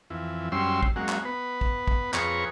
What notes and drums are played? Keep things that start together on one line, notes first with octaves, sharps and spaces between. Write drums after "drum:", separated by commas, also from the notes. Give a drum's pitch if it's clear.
F2 E3
F#2 G3 C#4 C6 E6
drum: kick
F#3 G#3 A#3 C#4 F#4
drum: clap
B3 B4
drum: kick
drum: kick
F2 G#4 B4 C#5 A#5 C#6, drum: clap